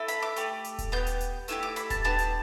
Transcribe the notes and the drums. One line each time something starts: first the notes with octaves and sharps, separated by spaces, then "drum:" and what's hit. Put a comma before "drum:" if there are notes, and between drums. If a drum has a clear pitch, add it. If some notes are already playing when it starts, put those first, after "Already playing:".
Already playing: A3 E4 A4
B5, drum: hi-hat
D6
A3 G4, drum: hi-hat
drum: hi-hat
drum: kick D#1, hi-hat
B3 G4 G6
drum: hi-hat
drum: hi-hat
A3 E4 G4 E6, drum: hi-hat
D6
B5, drum: hi-hat
A5, drum: kick D#1, hi-hat
B3 D4 G4 A5
drum: hi-hat